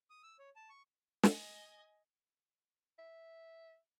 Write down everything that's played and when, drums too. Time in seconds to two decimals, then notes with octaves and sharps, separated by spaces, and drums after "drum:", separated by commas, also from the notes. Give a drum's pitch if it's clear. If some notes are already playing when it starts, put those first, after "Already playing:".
0.10 D#6
0.23 E6
0.39 C#5
0.56 A5
0.69 C#6
1.23 D#5 G#5, drum: snare
2.99 E5